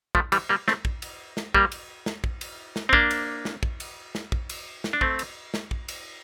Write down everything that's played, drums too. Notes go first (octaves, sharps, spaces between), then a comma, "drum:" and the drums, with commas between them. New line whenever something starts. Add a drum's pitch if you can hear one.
F3 A3, drum: kick
E3 G3, drum: cymbal
G3 A#3
A3 C4, drum: snare
drum: kick
drum: cymbal
drum: snare
G3 A#3, drum: kick
drum: cymbal
drum: snare
drum: kick
drum: cymbal
drum: snare
C4
A#3 D4, drum: kick
drum: cymbal
drum: snare
drum: kick
drum: cymbal
drum: snare
drum: kick
drum: cymbal
drum: snare
D4
A3 C4, drum: kick
drum: cymbal
drum: snare
drum: kick
drum: cymbal